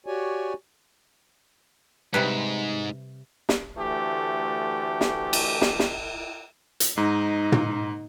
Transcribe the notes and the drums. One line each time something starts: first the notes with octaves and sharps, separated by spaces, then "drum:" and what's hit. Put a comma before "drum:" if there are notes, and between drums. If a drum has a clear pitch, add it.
F#4 G4 C#5 D5 G#5
G#2 C3 G3 B4
drum: snare
D2 E3 A3 G4
drum: snare
drum: cymbal
drum: snare
drum: snare
drum: hi-hat
G#2 D#4
drum: tom